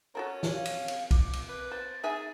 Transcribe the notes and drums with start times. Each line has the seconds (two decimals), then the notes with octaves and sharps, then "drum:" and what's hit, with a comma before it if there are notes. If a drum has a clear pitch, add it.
0.15 C#4 F#4 A4 A#4
0.43 drum: snare
0.53 F5
0.65 drum: cymbal
0.88 drum: cymbal
1.11 D6, drum: kick, cymbal
1.33 drum: cymbal
1.49 B4
1.72 C5 A6
2.04 D#4 G#4 E5 G#5